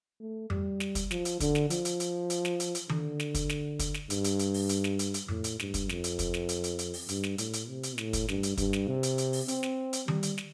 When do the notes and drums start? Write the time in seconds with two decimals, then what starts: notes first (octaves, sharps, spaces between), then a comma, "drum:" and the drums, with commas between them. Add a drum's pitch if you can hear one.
0.20 A3
0.50 G3, drum: tom F2
0.80 drum: snare
0.95 drum: kick, hi-hat
1.11 F3, drum: snare
1.25 drum: hi-hat
1.40 D3, drum: kick, hi-hat
1.55 drum: snare
1.70 F3, drum: hi-hat
1.85 drum: hi-hat
2.00 drum: hi-hat
2.30 drum: hi-hat
2.45 drum: snare
2.60 drum: hi-hat
2.75 drum: hi-hat
2.89 D3, drum: tom D#3
3.20 drum: snare
3.35 drum: kick, hi-hat
3.49 drum: snare
3.79 drum: kick, hi-hat
3.94 drum: snare
4.10 G2, drum: hi-hat
4.24 drum: hi-hat
4.39 drum: hi-hat
4.54 drum: open hi-hat
4.69 drum: hi-hat
4.84 drum: snare
4.99 drum: hi-hat
5.14 drum: hi-hat
5.28 A2, drum: tom F2
5.44 drum: hi-hat
5.59 G2, drum: snare
5.74 drum: kick, hi-hat
5.89 F2, drum: snare
6.04 drum: hi-hat
6.19 drum: kick, hi-hat
6.34 drum: snare
6.49 drum: hi-hat
6.64 drum: hi-hat
6.79 drum: hi-hat
6.94 drum: open hi-hat
7.09 G2, drum: hi-hat
7.23 drum: snare
7.38 A2, drum: hi-hat
7.53 drum: hi-hat
7.68 C3
7.83 drum: hi-hat
7.98 A2, drum: snare
8.13 drum: kick, hi-hat
8.28 G2, drum: snare
8.43 drum: hi-hat
8.57 G2, drum: kick, hi-hat
8.73 drum: snare
8.87 C3
9.03 drum: hi-hat
9.18 drum: hi-hat
9.33 drum: open hi-hat
9.48 C4, drum: hi-hat
9.63 drum: snare
9.93 drum: hi-hat
10.08 G3, drum: tom D#3
10.23 drum: hi-hat
10.38 drum: snare